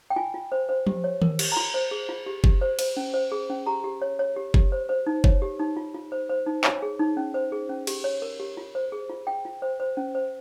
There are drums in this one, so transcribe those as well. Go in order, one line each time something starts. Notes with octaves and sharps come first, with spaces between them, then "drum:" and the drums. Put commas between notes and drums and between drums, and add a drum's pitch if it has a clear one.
G5
F4 G#5
F4
C5
C5
G4, drum: tom F3
C#5
A#4, drum: tom D#3
G4, drum: cymbal
A#5
F4 C6
C5
G#4
F4
G4
G4, drum: kick F#1
C5
C5, drum: cymbal
C#4
C5
G#4
C#4
G4 A#5
G4
C#5
C#5
G4
G4, drum: kick F#1
C5
C5
D#4
C#5, drum: kick F#1
G4
D#4
F4
F4
C5
C5
D#4
C#5, drum: clap
G#4
D#4
C#4
C5
G#4
C#4
G4, drum: cymbal
C#5
A#4
G4
F4
C5
G#4
F4
F4 G5
F4
C5
C5
C#4
C5